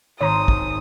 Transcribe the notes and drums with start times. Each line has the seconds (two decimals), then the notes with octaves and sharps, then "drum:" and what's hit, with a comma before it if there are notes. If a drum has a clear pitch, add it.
0.21 G#1 C#5 A#5 C6 D#6
0.48 drum: kick